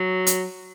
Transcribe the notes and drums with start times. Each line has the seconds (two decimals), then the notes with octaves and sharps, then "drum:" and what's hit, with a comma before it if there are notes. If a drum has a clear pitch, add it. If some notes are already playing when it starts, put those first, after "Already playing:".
Already playing: F#3
0.27 drum: hi-hat